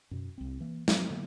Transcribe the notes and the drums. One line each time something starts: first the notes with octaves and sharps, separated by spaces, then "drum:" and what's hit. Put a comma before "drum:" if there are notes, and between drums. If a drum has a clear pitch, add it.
F#2 B2
C2 C4
E3 A#3
F3 F#3 A3 C4, drum: snare
D3 F#3 A#3 B3